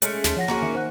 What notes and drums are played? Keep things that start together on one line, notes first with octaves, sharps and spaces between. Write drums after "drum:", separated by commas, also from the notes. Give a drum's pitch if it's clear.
G#3 A3 C#4, drum: hi-hat
D#2 A5 C6, drum: snare
F3 C#5 F#5 A#6
A#3 C#4 F#4 G#4 A#5 C6
D#3 E5
C5 F#5 F#6